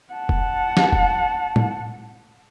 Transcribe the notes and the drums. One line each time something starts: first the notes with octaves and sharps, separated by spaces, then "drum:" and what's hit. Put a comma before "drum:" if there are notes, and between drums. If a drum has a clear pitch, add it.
F#5 A5
drum: kick F1
drum: snare
drum: kick F1
drum: tom A2